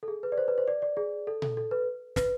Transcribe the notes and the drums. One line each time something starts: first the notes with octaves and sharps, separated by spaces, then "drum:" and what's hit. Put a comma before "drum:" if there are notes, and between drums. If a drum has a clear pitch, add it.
A4
G#4
B4
D5
C5
B4
C5
D5
D5
G#4
A4
A4, drum: tom A#2
A4
B4
B4, drum: snare